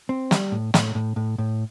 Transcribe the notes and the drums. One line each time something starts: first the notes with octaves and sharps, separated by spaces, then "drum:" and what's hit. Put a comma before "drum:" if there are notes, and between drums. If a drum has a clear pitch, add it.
C4
G3, drum: snare
A2
A2, drum: snare
A2
A2
A2